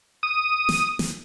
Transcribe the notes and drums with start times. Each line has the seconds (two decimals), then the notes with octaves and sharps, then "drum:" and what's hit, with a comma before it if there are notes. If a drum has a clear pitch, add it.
0.23 D#6
0.69 drum: snare
0.99 drum: snare